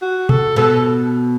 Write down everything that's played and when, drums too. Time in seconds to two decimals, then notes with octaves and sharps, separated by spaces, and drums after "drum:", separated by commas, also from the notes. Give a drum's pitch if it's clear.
0.02 F#4
0.29 A4, drum: tom B2
0.56 B2 A4